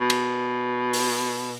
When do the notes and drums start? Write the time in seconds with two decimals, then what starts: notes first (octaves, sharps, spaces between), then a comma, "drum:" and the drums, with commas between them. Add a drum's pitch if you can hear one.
0.01 B2
0.10 drum: cymbal
0.93 drum: open hi-hat